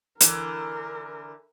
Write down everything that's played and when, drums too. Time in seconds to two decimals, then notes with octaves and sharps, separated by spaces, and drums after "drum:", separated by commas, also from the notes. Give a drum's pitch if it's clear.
0.20 D3 E3 A#4, drum: hi-hat